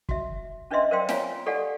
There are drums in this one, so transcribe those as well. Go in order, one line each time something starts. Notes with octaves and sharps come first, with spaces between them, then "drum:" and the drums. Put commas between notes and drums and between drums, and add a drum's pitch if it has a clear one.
F#4 E5, drum: kick
C#4 D4 B4 D#5 E5 C6
A#4 C5 D5 F5 G5 C6
F4 C#5 F5 G#5 A#5, drum: snare
G4 A4 D5 F5 F#5 G#5